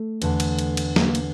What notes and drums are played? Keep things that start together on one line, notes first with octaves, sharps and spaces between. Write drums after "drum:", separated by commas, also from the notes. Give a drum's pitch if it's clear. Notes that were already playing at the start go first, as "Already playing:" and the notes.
Already playing: A3
E2 D3, drum: cymbal
drum: cymbal
drum: cymbal
drum: cymbal
A#3, drum: snare
drum: cymbal